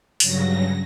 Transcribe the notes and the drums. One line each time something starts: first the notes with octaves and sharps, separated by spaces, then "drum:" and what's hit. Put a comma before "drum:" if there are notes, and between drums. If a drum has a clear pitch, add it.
G2 C#3 F#3 A#6, drum: open hi-hat